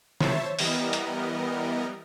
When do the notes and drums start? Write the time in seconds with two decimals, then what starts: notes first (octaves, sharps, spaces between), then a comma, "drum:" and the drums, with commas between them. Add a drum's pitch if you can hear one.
0.21 C5 C#5 E5 A5, drum: snare
0.59 E3 G3 B3 A#4 D#5, drum: open hi-hat
0.93 drum: hi-hat